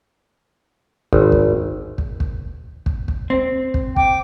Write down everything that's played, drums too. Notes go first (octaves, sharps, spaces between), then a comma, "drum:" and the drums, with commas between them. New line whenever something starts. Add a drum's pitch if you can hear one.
G#1, drum: kick
drum: kick
drum: kick
drum: kick
drum: kick
drum: kick
C4
drum: kick
G5 D6, drum: kick